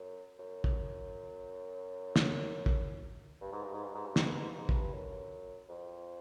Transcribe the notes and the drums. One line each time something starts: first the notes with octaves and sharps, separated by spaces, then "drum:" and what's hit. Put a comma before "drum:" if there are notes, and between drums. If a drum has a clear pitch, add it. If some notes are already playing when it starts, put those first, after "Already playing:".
Already playing: F#2
F#2
drum: kick
drum: snare
drum: kick
G2
G#2
G2
G#2
G2
G#2
G2
G#2, drum: snare
G2
G#2
G2
G#2
G2, drum: kick
F#2
F2